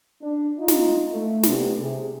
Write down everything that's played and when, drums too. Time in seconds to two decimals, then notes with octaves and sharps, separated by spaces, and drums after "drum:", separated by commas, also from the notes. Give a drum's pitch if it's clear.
0.21 D4
0.58 D#4 F4
0.68 drum: snare
1.10 A3
1.43 C3 G3 A3 B3, drum: snare
1.79 C3 G#4